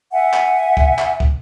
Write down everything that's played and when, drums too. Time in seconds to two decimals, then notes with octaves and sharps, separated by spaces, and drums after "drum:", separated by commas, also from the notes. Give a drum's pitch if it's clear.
0.12 E5 F#5 G#5
0.34 drum: clap
0.77 drum: kick
0.99 drum: clap
1.20 drum: kick